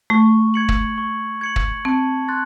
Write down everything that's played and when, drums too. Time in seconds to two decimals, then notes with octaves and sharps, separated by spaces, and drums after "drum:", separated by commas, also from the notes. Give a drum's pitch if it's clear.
0.10 A3 C#6
0.54 G#6 C#7 F#7
0.69 drum: kick
0.98 C#6
1.41 G#6 C#7 F#7
1.56 drum: kick
1.85 C4 A5
2.28 C6 F#6 A6